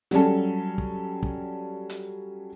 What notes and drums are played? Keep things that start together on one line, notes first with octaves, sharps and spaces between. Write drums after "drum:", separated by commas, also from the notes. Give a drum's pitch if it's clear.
F#3 G3 C#4 A4, drum: hi-hat
drum: kick
drum: kick
drum: hi-hat